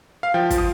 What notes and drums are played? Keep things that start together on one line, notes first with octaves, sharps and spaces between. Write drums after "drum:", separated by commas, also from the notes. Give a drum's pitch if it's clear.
F5
F3 G5
F3, drum: kick, hi-hat
D#6